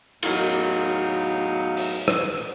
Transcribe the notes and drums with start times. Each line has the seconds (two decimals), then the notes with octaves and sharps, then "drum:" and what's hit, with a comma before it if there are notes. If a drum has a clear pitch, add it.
0.23 E2 A2 F#3 D#4 F5, drum: cymbal
1.77 drum: open hi-hat
2.08 drum: rim click